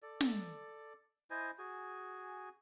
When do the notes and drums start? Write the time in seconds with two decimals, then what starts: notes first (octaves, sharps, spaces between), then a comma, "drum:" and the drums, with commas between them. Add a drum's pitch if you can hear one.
0.03 A4 D5
0.21 drum: snare
1.30 E4 C5 D#5 G#5
1.58 F#4 G#4 G#5